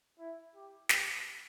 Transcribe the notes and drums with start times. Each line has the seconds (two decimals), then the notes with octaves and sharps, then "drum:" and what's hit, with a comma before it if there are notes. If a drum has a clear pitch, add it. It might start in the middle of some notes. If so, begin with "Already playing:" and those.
0.19 E4
0.55 G4
0.89 G4, drum: snare